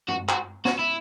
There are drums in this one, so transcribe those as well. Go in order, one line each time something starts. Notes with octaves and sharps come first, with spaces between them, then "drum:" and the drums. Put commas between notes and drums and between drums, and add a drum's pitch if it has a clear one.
F#4, drum: tom
F#4, drum: clap
F#4, drum: snare
E4